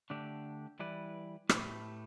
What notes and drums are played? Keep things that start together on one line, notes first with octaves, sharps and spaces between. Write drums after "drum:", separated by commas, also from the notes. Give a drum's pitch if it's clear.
D3 A3 D4 G4 D5
E3 G3 E4 B4 D5
A2 A3 G4 B4, drum: rim click